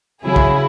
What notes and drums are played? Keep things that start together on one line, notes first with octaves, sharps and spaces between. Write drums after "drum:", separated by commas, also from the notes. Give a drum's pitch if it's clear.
C#3 F#3 E4 G#4
drum: kick